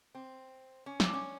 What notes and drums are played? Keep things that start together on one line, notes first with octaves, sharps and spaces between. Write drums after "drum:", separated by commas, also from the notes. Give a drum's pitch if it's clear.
C4
C#4
D4, drum: snare
C#4